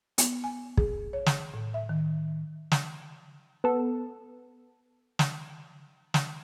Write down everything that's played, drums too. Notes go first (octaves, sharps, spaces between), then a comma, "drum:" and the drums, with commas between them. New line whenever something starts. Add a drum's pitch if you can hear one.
B3, drum: hi-hat
G#5
G#4, drum: kick
C#5
drum: snare
A2
E5
D#3
drum: snare
B3 A4
drum: snare
drum: snare